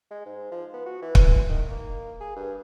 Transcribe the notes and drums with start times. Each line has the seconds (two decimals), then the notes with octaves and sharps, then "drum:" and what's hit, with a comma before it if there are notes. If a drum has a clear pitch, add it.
0.11 G#3
0.26 G#2
0.52 F3
0.74 B3
0.86 F#4
1.02 E3
1.15 drum: kick
1.49 D#3
1.71 A#3
2.20 G#4
2.36 G2